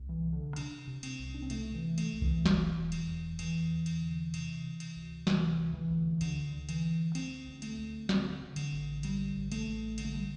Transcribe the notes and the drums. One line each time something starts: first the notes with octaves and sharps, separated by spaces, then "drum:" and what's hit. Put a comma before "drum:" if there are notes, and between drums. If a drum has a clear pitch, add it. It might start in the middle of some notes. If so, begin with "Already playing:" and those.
Already playing: C2
E3
C3
D3
C3 D4, drum: cymbal
C3
C4, drum: cymbal
C2
D4
C4
C3 A3, drum: cymbal
E3
C3
A3, drum: cymbal
C2
E3, drum: kick C2
E1, drum: snare
E1
drum: cymbal
E2
E2 E3, drum: cymbal
E2
drum: cymbal
D3
C3, drum: cymbal
C3
drum: cymbal
D2
C3 E3, drum: snare
D2
E3
D2
D2 D3, drum: cymbal
D3
E3, drum: cymbal
D3
D2 C4, drum: cymbal
D2
A3, drum: cymbal
D2
D3 C4, drum: snare
D3
D3, drum: cymbal
A1
D3 G3, drum: cymbal
A1
A3, drum: cymbal
A1
D3, drum: cymbal
A3
G3